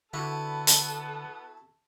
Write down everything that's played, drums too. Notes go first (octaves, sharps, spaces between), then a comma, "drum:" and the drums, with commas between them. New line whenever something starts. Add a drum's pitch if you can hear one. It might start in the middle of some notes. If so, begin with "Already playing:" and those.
D3 B3 E4 F#4 A4 B5
drum: hi-hat